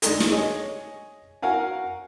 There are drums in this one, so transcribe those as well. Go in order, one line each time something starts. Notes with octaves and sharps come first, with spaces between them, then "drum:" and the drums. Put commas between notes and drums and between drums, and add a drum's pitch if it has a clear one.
G#3 D4 D#4 A4, drum: hi-hat
drum: snare
G#4 C#5 D#5
F#4 A#4 F5 F#5 G#5